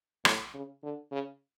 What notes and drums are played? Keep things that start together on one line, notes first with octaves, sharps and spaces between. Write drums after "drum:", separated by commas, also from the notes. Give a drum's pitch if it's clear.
A2, drum: rim click
C#3
D3
C#3